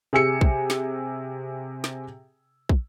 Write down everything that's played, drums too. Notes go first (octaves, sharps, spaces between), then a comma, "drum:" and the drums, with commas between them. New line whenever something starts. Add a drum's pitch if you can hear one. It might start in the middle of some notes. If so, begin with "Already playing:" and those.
C3 G#4 G#5 E6 C#7
drum: kick
drum: snare
drum: snare
drum: kick